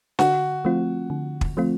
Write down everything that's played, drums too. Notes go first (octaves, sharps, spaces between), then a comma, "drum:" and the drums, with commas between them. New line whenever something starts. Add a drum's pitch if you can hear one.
D3 F#4, drum: snare
F3 A3 C4 F4
D3
drum: kick
F3 A3 C4 F4